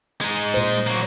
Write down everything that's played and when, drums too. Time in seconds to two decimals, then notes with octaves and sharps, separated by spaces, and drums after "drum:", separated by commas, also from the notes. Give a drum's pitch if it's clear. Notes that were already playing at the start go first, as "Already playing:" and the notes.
0.21 G#3 D#4, drum: hi-hat
0.54 A#2 C5, drum: open hi-hat
0.87 F#3 A#3